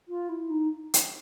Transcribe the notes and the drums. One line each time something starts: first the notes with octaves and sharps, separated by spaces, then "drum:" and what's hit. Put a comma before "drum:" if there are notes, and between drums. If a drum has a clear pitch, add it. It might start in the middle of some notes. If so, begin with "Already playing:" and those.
F4
E4
D#4
drum: hi-hat